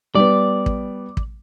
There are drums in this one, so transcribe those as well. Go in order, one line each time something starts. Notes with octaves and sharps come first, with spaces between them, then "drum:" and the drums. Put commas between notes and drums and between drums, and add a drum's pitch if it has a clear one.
G3 B3 D5
drum: kick
drum: kick